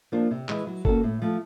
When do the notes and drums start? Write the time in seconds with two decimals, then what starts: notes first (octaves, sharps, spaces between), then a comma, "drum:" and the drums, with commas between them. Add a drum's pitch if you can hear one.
0.12 F3 A#3 D4 F4
0.31 C3
0.49 E3 G#3, drum: clap
0.67 F#3
0.85 A#3 C#4 F#4 A4, drum: kick F#1
1.03 A2
1.22 F3 A3